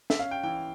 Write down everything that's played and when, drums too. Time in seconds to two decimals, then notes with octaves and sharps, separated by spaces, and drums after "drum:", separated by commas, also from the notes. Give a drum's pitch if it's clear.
0.10 E5, drum: snare
0.19 C#4 F5
0.31 G5
0.43 E3 G5